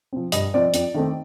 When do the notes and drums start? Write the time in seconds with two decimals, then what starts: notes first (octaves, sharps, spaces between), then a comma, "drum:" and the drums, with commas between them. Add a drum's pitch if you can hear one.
0.13 F3 C4
0.32 G2 D#5, drum: hi-hat
0.54 F3 C4 D5
0.74 F2, drum: hi-hat
0.94 D#3 A3 C4